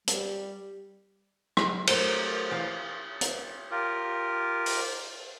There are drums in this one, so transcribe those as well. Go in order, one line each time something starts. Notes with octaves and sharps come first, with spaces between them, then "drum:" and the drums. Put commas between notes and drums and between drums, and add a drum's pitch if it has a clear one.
G3, drum: hi-hat
drum: rim click
F#3 A3 A#4 C5, drum: cymbal
E3 F5
drum: hi-hat
F4 G4 A#4
drum: open hi-hat